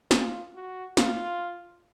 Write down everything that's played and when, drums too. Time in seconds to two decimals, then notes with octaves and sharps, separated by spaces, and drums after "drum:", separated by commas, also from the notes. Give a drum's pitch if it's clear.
0.11 F4, drum: snare
0.54 F#4
0.97 F4, drum: snare